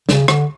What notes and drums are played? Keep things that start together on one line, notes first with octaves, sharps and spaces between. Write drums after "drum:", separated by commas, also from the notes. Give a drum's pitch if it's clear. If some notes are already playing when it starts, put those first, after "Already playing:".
C#3, drum: snare
D3, drum: rim click